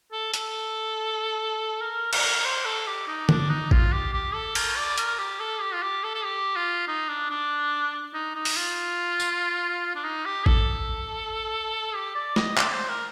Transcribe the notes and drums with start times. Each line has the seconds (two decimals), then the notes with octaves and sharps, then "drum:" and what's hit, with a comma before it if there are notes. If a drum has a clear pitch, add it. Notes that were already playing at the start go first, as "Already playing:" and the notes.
0.12 A4
0.34 A4, drum: hi-hat
1.81 A#4
2.13 A#4, drum: cymbal
2.45 C5
2.65 A4
2.87 G4
3.08 D#4
3.29 D4, drum: tom D3
3.50 D#4
3.71 F4, drum: kick A1
3.92 G4
4.13 G4
4.34 A4
4.55 A#4, drum: cymbal
4.76 D5
4.98 A#4, drum: hi-hat
5.19 G4
5.39 A4
5.61 G4
5.74 F4
5.82 G4
6.03 A4
6.14 A4
6.24 G4
6.56 F4
6.87 D#4
7.09 D4
7.30 D4
8.14 D#4
8.36 D#4
8.45 drum: open hi-hat
8.56 F4
9.20 drum: tambourine
9.95 D4
10.04 D#4
10.25 G4
10.46 A4, drum: kick A1
11.94 G4
12.15 D5
12.36 D#5, drum: snare
12.57 D5, drum: clap
12.73 C5
12.89 A#4